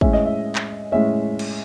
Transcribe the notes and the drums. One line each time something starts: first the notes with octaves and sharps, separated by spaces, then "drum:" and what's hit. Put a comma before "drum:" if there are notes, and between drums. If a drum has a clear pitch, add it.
A2 G#3 C#4 E5, drum: kick
D#5
E5
drum: clap
A2 G#3 C#4 E5
drum: cymbal